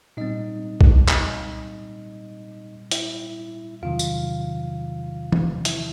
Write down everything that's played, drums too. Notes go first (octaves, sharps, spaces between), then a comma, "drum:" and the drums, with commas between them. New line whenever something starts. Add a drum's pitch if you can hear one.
A#2 G3 C4 D#4 D#5
drum: kick B1
D#4 D#5, drum: clap
E4 E5, drum: hi-hat
E2 C3 D#3 F#3 F4 F5
drum: tambourine
drum: tom
E4 E5, drum: hi-hat